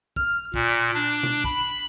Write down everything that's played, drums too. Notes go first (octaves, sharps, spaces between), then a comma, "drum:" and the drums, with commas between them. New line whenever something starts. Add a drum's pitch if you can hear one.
F6, drum: kick
A#2, drum: kick
D4
drum: tom B2
B5, drum: kick